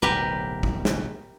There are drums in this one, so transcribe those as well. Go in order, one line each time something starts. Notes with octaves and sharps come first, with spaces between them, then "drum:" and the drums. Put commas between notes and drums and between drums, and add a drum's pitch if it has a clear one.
D1 B1 G4 A#4 B4
drum: kick
drum: snare